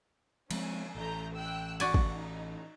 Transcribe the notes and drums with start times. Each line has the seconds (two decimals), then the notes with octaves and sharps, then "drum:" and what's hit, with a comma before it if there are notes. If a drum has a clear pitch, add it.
0.51 F3 G#3 C4 C#4 G#5, drum: cymbal
0.95 A1 A3 A#5 G6
1.35 G5 E6 F#6
1.80 F#4 D5 F#5 G#5, drum: cymbal
1.94 drum: kick
2.17 D#4